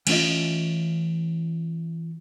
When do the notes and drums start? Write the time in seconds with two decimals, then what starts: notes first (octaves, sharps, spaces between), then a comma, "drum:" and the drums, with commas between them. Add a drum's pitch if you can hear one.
0.07 E3 A3 C#4 F4 D#5, drum: cymbal